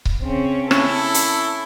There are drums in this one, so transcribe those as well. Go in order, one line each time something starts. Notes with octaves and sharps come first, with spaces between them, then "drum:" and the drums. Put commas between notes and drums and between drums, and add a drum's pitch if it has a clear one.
drum: kick C#1
C#3 C4 C#4
C#4 E4 A4, drum: rim click
drum: hi-hat